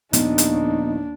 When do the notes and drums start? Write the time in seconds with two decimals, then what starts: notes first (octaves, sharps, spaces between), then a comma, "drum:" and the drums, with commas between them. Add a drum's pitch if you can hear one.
0.13 D#2 A#2 F3 B3 D4 D#4, drum: hi-hat
0.38 drum: hi-hat